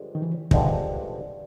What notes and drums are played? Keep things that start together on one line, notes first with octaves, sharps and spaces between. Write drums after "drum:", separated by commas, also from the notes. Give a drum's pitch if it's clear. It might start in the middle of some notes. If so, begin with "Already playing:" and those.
Already playing: G2 D3 F3 G#3
D#3
E3
G2 D3 D#3 F3 G#3, drum: kick